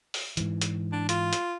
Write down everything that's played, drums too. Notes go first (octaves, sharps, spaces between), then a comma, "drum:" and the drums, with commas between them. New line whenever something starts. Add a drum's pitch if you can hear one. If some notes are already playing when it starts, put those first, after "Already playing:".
drum: open hi-hat
G#2 E3, drum: hi-hat
drum: hi-hat
D4
F4, drum: hi-hat
drum: hi-hat